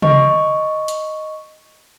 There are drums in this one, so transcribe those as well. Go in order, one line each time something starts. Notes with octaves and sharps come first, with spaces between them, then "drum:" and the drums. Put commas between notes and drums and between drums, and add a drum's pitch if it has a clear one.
D#5 C#6, drum: tom
drum: hi-hat